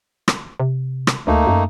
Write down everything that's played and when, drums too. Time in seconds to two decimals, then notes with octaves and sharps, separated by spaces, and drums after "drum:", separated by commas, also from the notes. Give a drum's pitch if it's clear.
0.28 drum: rim click
0.60 C3
1.07 drum: rim click
1.27 D2 A3 A#3 D#4
1.47 F#2